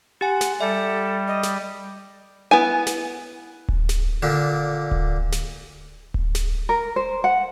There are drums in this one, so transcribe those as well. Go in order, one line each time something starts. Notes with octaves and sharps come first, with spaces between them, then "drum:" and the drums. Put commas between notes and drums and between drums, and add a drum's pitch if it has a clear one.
G4 F#5 G#5
drum: snare
G3 A4 E5
D#5
drum: snare
B3 E4 G#5
drum: snare
drum: kick D1
drum: snare
A#2 D3
drum: kick D1
drum: snare
drum: kick D1
drum: snare
A#4
C5
F#5